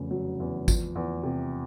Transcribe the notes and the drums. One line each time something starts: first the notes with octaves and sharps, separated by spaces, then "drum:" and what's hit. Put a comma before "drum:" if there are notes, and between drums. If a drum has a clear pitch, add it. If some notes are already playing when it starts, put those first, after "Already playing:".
Already playing: F1 E2 C#3
F#3
E2
F3, drum: kick, tambourine
E2
C3